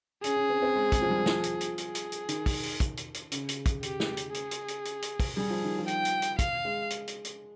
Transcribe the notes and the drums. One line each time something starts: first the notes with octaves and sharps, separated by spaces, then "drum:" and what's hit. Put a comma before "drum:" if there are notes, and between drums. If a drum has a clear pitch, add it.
C#4 G#4, drum: hi-hat
C#4
C4
C4
G#3
G#3, drum: kick, hi-hat
F3
G3
F3, drum: snare
drum: hi-hat
drum: hi-hat
G#4, drum: hi-hat
drum: hi-hat
drum: hi-hat
D#3, drum: hi-hat
drum: kick, open hi-hat
drum: open hi-hat
drum: kick, hi-hat
drum: hi-hat
drum: hi-hat
C#3, drum: hi-hat
drum: hi-hat
drum: kick, hi-hat
G4, drum: hi-hat
drum: snare
drum: hi-hat
G#4, drum: hi-hat
drum: hi-hat
drum: hi-hat
drum: hi-hat
drum: hi-hat
drum: kick, open hi-hat
G3 G#4
F3
D#3
F3
G5, drum: hi-hat
drum: hi-hat
drum: hi-hat
F5, drum: kick, hi-hat
G#3
drum: hi-hat
drum: hi-hat
drum: hi-hat